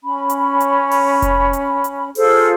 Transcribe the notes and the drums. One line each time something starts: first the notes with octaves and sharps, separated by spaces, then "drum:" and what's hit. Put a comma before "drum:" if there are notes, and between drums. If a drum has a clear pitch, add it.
C#4 B5
drum: hi-hat
drum: hi-hat
drum: open hi-hat
drum: kick F1, hi-hat
drum: hi-hat
drum: hi-hat
F4 G#4 A4 C5, drum: open hi-hat